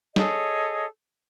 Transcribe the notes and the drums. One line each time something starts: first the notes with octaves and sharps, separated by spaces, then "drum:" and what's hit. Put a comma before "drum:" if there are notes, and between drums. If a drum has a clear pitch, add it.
G#4 A4 C#5 D#5, drum: snare